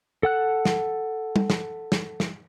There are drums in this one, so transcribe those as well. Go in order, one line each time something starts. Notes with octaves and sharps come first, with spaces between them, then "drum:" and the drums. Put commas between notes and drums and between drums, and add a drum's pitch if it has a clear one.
A4 F#5 F#6
drum: snare
drum: tom G3
drum: snare
drum: snare
drum: snare